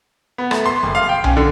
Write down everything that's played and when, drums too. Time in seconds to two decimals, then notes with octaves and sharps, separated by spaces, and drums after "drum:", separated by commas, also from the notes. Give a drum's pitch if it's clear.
0.38 B3
0.51 A3, drum: rim click
0.66 C6
0.83 F#1
0.95 F5
1.09 G5
1.24 C#4, drum: tom B1
1.37 D3